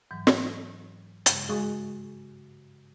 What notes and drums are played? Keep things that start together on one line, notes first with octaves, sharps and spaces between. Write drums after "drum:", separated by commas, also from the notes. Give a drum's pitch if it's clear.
G#2 E3 F#3
drum: snare
G2 C#3 G#3, drum: hi-hat
G#3 F#4 G#4 G#5